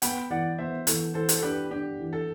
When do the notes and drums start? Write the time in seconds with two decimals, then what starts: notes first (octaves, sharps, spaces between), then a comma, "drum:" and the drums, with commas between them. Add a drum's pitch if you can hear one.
0.02 B3 G5 B5, drum: hi-hat
0.30 E3 D5 F#5
0.58 B3 C5 E5
0.87 E3 A4, drum: hi-hat
1.14 E3 A4 C5
1.29 drum: hi-hat
1.38 A4
1.42 D4 G4 B4
1.70 D4 G4
1.99 E3
2.13 A4